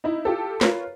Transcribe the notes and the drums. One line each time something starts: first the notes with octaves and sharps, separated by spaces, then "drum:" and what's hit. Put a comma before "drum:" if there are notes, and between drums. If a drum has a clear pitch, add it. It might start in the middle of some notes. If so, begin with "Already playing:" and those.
D#4 E4
F4 G4 A4
F4 A#4 B4 C#5, drum: snare